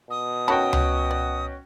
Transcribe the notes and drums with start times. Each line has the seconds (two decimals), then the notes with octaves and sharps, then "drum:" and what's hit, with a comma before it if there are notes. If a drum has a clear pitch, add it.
0.10 B2 D#6
0.48 D#3 C#4 F#4 A4 G5 B5
0.73 drum: tom C#2
1.11 D5